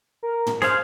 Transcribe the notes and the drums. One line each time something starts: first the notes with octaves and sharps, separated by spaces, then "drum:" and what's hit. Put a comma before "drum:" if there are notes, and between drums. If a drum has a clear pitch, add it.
A#4
drum: tom
G#4 C5 F5, drum: snare